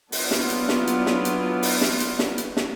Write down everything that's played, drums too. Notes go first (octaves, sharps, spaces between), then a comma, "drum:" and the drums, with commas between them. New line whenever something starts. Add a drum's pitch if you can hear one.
F#3 B3 D4 E4 F4, drum: open hi-hat
drum: snare
drum: hi-hat
drum: snare
drum: hi-hat
drum: snare
drum: hi-hat
drum: open hi-hat
drum: snare
drum: hi-hat
drum: snare
drum: hi-hat
drum: snare